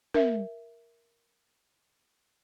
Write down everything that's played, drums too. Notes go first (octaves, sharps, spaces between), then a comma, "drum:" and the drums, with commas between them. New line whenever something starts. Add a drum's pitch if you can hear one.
A#4 E5, drum: tom